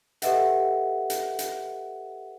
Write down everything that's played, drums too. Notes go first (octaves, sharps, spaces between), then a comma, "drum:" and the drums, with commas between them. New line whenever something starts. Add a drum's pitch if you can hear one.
G4 A4 B4 D#5 E5 F#5, drum: hi-hat
drum: hi-hat
drum: hi-hat